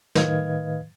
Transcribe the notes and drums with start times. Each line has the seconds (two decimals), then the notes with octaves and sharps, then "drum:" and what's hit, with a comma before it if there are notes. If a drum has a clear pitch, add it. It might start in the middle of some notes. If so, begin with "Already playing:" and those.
0.15 A2 D#3 B4 D#5 F5 G#6, drum: snare